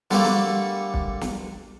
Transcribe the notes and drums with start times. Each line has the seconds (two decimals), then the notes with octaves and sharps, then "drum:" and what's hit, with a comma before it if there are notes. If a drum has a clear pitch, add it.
0.11 D3 G3 A3 A#3, drum: snare
0.24 drum: snare
0.94 drum: kick
1.21 drum: snare